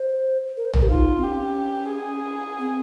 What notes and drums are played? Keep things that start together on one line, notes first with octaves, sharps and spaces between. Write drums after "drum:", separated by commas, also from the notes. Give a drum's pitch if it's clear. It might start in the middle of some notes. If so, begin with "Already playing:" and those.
Already playing: C5
A#4
C5
A#4, drum: tom A1
G4
D#4 F4
C4
C#4 G4
G#4
C4